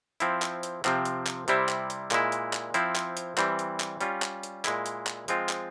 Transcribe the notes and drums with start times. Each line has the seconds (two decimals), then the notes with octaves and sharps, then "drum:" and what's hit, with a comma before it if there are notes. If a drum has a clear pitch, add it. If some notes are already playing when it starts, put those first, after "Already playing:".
0.20 F3 C4 E4, drum: hi-hat
0.42 drum: clap
0.63 drum: hi-hat
0.85 C3 F3 C4, drum: clap
1.05 drum: hi-hat
1.27 drum: clap
1.48 C3 G3 C4 E4, drum: hi-hat
1.69 drum: clap
1.90 drum: hi-hat
2.11 A#2 G#3 E4, drum: clap
2.32 drum: hi-hat
2.53 drum: clap
2.74 F3 C4 E4, drum: hi-hat
2.96 drum: clap
3.17 drum: hi-hat
3.38 E3 G3 C4, drum: clap
3.59 drum: hi-hat
3.80 drum: clap
4.01 G3 C#4 F4, drum: hi-hat
4.22 drum: clap
4.43 drum: hi-hat
4.65 A#2 G#3 E4, drum: clap
4.86 drum: hi-hat
5.07 drum: clap
5.28 F3 G#3 C4 F4, drum: hi-hat
5.49 drum: clap